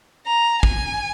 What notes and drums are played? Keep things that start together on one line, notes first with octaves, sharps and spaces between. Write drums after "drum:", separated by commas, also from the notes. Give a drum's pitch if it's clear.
A#5
G#5, drum: kick